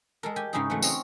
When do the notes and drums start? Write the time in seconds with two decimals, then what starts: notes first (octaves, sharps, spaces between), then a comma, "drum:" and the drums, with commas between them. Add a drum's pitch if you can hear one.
0.23 G#3 A4 A#4
0.36 G4 G#5
0.53 G#2 C#3 G#3 D#4 E4 G#4
0.70 C#3 E3 F#3 A3
0.82 C4 C#4 D#5 A#5, drum: tambourine